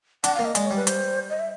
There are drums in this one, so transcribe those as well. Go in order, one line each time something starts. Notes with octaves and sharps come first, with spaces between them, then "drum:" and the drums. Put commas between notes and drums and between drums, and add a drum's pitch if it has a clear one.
D4 F#5, drum: hi-hat
A#3 F5
D#5
G#3 D5, drum: hi-hat
G3 C#5
B4
C5, drum: hi-hat
D#5
E5